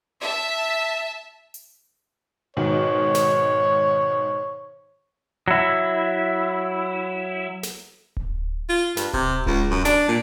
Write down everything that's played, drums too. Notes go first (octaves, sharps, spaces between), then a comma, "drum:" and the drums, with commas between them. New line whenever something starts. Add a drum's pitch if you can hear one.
E5 A5
drum: hi-hat
G#2 B2 D#3 C#5
drum: snare
F#3 E4
drum: snare
drum: kick D1
F4
G2, drum: snare
C3, drum: kick D1
C#2, drum: kick D1
F#2
D4, drum: snare
A#2